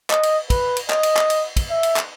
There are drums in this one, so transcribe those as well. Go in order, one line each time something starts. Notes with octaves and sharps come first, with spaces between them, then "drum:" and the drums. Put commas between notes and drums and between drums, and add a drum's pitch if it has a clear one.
D#5, drum: clap
drum: cymbal
B4, drum: kick, cymbal
drum: cymbal
D#5, drum: clap
drum: cymbal
drum: clap
drum: cymbal
drum: kick, cymbal
E5
drum: cymbal
drum: clap